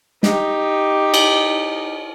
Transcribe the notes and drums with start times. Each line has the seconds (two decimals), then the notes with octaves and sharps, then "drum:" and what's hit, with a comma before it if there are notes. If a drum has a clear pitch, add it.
0.23 D#4 G4, drum: snare
1.14 drum: cymbal